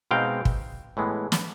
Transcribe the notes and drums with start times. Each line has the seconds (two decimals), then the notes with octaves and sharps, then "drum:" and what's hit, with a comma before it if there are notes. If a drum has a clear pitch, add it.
0.11 B2 G#3 C4 D#4 F5 G5
0.45 drum: kick
0.97 A2 E3 G#3 B3
1.32 drum: snare